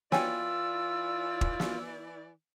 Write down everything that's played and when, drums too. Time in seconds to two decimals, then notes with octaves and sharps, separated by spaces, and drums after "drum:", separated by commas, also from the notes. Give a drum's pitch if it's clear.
0.12 E3 E4 F4 C#5 D5 G5 G#5 E6, drum: snare
1.41 drum: kick
1.60 drum: snare